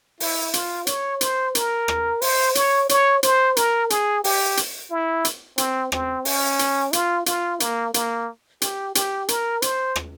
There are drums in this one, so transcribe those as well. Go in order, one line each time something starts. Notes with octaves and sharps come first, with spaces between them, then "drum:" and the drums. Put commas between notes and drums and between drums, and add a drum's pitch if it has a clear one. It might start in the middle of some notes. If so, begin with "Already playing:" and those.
E4, drum: open hi-hat
F4, drum: hi-hat
C#5, drum: hi-hat
C5, drum: hi-hat
A#4, drum: hi-hat
drum: rim click
C5, drum: open hi-hat
C#5, drum: hi-hat
C#5, drum: hi-hat
C5, drum: hi-hat
A#4, drum: hi-hat
G#4, drum: hi-hat
G4, drum: open hi-hat
drum: hi-hat
E4
drum: hi-hat
C4, drum: hi-hat
C4, drum: rim click
C#4, drum: open hi-hat
drum: hi-hat
F4, drum: hi-hat
F4, drum: hi-hat
A#3, drum: hi-hat
A#3, drum: hi-hat
G4, drum: hi-hat
G4, drum: hi-hat
A#4, drum: hi-hat
C5, drum: hi-hat
drum: rim click